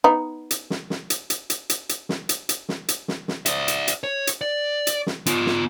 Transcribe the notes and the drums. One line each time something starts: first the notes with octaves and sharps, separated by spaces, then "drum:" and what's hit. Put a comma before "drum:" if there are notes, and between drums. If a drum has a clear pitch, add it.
B3 D#4
drum: hi-hat
drum: snare
drum: snare
drum: hi-hat
drum: hi-hat
drum: hi-hat
drum: hi-hat
drum: hi-hat
drum: snare
drum: hi-hat
drum: hi-hat
drum: snare
drum: hi-hat
drum: snare
drum: snare
D5 E5, drum: hi-hat
drum: hi-hat
drum: hi-hat
C#5
drum: hi-hat
D5
drum: hi-hat
drum: snare
B3 F4, drum: hi-hat
drum: snare